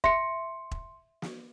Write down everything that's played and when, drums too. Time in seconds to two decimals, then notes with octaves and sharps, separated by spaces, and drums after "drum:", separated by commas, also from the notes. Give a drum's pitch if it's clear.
0.04 E5 C6 C#7, drum: kick E1
0.71 drum: kick E1
1.22 drum: snare